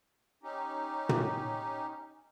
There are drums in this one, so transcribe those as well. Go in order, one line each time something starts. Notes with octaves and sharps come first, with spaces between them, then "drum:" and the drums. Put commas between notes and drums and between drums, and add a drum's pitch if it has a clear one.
C#4 D#4 G4
drum: tom